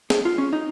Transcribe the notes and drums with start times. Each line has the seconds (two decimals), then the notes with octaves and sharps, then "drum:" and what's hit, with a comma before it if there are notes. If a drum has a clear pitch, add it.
0.10 G#4, drum: snare C4
0.25 F4
0.38 C#4
0.53 D#4